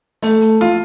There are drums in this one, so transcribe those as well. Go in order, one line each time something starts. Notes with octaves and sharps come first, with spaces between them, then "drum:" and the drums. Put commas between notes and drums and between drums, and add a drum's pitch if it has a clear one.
A3, drum: open hi-hat
drum: hi-hat
F4, drum: snare